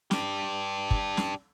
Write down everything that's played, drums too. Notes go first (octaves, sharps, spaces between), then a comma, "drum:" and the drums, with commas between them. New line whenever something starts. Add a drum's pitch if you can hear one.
D4 G4, drum: snare
drum: kick
drum: snare